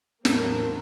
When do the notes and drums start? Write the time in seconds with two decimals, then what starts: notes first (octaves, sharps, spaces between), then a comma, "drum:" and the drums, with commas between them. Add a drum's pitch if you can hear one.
0.25 E2 A2 F3 F#3 A#3 C4 D4 A#4, drum: snare